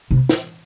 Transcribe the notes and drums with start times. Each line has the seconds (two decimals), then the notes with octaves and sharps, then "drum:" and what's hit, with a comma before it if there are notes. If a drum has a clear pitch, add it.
0.11 C3
0.29 drum: snare